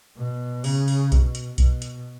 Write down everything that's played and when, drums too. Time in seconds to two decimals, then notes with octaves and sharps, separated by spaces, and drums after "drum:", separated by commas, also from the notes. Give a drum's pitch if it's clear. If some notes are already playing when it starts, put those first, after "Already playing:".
0.17 B2
0.64 C#3, drum: open hi-hat
0.88 drum: open hi-hat
1.12 B2, drum: kick B1, hi-hat
1.35 drum: hi-hat
1.58 B2, drum: kick B1, hi-hat
1.82 drum: hi-hat